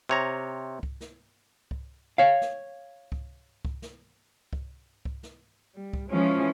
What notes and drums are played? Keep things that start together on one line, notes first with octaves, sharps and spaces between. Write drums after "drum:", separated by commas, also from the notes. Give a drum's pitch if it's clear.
C3 C#5 A#5
drum: kick C2
drum: snare
drum: kick C2
C#5 F5
drum: snare
drum: kick C2
drum: kick C2
drum: snare
drum: kick C2
drum: kick C2
drum: snare
G3
drum: kick C2
E3 F3 G#3 C#4